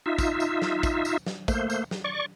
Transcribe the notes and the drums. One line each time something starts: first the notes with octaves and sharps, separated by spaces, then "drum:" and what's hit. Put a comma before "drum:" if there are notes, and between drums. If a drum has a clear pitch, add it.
D#4 F4 E5
drum: kick, tambourine
drum: tambourine
drum: snare
drum: kick, tambourine
drum: tambourine
drum: snare
A3 A#3 C5, drum: kick, tambourine
drum: tambourine
drum: snare
D5 C#6